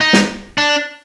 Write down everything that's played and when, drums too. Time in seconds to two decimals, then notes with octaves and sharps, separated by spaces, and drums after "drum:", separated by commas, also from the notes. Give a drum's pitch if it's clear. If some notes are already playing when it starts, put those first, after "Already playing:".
0.01 D#4
0.13 drum: snare
0.58 D4